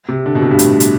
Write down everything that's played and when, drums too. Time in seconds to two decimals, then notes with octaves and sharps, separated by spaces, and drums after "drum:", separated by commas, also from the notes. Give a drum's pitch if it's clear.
0.09 C3
0.26 D3
0.35 B2
0.42 C3
0.51 G2
0.59 A2, drum: hi-hat
0.80 drum: hi-hat